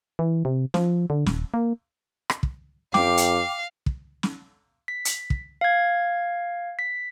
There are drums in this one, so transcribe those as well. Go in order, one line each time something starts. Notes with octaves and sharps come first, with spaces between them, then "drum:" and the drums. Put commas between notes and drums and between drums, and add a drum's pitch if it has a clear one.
E3
C3
F3, drum: snare
D3
D#1, drum: snare
A#3
drum: rim click
drum: kick
F2 F5 G5 D6, drum: snare
drum: hi-hat
drum: kick
drum: snare
B6
drum: hi-hat
drum: kick
F5 G#6
B6